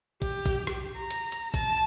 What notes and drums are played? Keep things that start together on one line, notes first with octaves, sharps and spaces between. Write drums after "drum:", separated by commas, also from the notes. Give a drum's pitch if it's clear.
G4, drum: kick, hi-hat
drum: kick, hi-hat
drum: rim click
A#5
drum: hi-hat
drum: hi-hat
A5, drum: kick, hi-hat